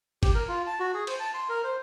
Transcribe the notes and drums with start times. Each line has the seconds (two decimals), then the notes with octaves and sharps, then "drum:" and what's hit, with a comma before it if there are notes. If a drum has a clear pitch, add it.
0.23 G4, drum: kick, cymbal
0.35 A#4
0.48 F4
0.67 A5
0.80 F#4
0.94 G#4
1.07 C5, drum: cymbal
1.20 A5
1.34 C6
1.49 A#4
1.64 C5